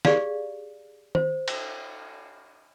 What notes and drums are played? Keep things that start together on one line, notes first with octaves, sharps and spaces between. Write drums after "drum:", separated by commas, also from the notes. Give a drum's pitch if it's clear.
G4 G#4 D5 F5, drum: snare
C5, drum: tom D#3
drum: cymbal